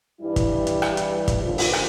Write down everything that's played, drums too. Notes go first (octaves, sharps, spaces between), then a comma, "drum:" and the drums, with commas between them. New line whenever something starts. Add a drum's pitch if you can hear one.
G2 E3 G3 E4
drum: kick, hi-hat
drum: hi-hat
drum: rim click
drum: hi-hat
drum: kick, hi-hat
D#2 D3 F3 F4
drum: open hi-hat
drum: rim click